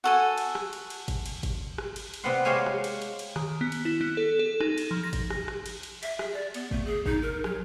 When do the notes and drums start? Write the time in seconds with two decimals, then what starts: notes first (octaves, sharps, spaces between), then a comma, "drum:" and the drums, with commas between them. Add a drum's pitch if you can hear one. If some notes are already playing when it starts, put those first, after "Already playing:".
0.04 F#4 A4 G#5
0.38 drum: cymbal
0.55 drum: rim click
0.73 drum: cymbal
0.90 drum: cymbal
1.08 drum: kick, cymbal
1.26 drum: cymbal
1.43 drum: kick, cymbal
1.78 drum: rim click
1.96 drum: cymbal
2.14 drum: cymbal
2.23 C3 B3 C4 B4 F#5 C6
2.45 G#3 G4 C5 C#5 F5 G#5
2.66 drum: rim click
2.84 drum: cymbal
3.02 drum: cymbal
3.19 drum: cymbal
3.36 D#3, drum: rim click
3.61 B3
3.72 drum: cymbal
3.85 E4
4.01 B3
4.17 A4
4.39 A4
4.60 D#4, drum: rim click
4.78 drum: cymbal
4.91 F3
5.04 A#6
5.13 drum: kick, cymbal
5.30 drum: rim click
5.48 drum: rim click
5.66 drum: cymbal
5.83 drum: cymbal
6.03 E5, drum: cymbal
6.19 G#4, drum: rim click
6.33 D5
6.54 B3, drum: cymbal
6.71 A3, drum: kick
6.86 G#4
7.06 D#4, drum: kick
7.22 A#4
7.44 F#3, drum: rim click